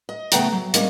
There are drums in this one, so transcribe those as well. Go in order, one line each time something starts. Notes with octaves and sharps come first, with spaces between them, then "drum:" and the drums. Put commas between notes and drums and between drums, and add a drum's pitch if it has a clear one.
D#5
C#3 A3 B3 F#5 G5 A#5, drum: hi-hat
F#3
G3 G#3 A#3 C4 C#4, drum: hi-hat